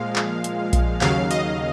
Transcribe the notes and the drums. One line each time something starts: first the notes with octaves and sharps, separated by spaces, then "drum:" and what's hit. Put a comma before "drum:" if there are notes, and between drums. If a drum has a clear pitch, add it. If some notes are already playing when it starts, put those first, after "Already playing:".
Already playing: A#2 F3 G#3 F5
drum: clap
drum: hi-hat
drum: kick A#1, hi-hat
D#2 C#3 F#3 F5, drum: clap
D#5, drum: hi-hat